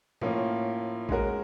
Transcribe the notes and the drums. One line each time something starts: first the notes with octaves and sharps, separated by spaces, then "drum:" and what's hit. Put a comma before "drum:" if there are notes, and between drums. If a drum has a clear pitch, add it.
A2 F3 A#3 C#4 F4, drum: tom B2
G#3 C#4 F#4 A#4, drum: kick A1